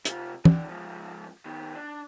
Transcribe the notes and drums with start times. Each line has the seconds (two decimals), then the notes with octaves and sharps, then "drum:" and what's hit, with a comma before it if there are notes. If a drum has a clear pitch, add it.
0.05 C3 F4, drum: hi-hat
0.45 D#3 D5, drum: tom
0.68 G#2 F3
1.45 D#3 B3
1.75 D4